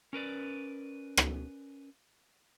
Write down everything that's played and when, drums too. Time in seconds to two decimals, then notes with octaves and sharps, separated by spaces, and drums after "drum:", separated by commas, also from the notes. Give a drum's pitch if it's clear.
0.13 C#4 A#4 B4 D5
1.17 drum: rim click